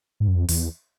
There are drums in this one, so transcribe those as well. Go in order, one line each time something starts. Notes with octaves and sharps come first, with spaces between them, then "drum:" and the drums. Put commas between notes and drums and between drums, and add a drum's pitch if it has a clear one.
G#2
F#2
F2
E2, drum: open hi-hat